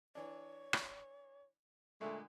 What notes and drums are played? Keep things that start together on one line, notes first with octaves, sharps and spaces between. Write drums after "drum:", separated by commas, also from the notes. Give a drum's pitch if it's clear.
E3 D4 C#5
drum: rim click
A#2 D3 G#3 A3